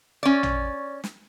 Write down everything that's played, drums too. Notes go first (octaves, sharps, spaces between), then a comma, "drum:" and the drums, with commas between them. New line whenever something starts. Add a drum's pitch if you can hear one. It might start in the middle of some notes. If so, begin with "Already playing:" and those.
C#4 D5
drum: tom A1
drum: snare